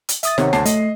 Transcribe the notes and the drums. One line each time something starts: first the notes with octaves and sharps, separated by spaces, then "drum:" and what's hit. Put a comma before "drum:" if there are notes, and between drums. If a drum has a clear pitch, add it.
drum: hi-hat
E5 D#6 A6, drum: hi-hat
C3 D#3 C#5 F#5, drum: snare
D2 A5 C7, drum: snare
A3 D#5, drum: hi-hat